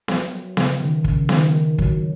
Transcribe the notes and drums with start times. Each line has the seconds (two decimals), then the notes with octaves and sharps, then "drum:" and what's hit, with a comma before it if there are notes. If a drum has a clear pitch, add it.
0.08 F#3, drum: snare B3
0.57 C#3, drum: snare B3
0.80 D#3
1.04 C#3, drum: kick
1.29 D#3, drum: snare B3
1.78 F#3, drum: kick